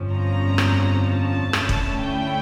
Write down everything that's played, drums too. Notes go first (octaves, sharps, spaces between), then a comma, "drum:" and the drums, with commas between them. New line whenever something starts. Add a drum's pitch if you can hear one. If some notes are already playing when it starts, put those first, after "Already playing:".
Already playing: G1 F2 D3 F3 C#4
A#5
drum: rim click
A5
D2 D3 A3 C#4 E4, drum: rim click
drum: kick
G5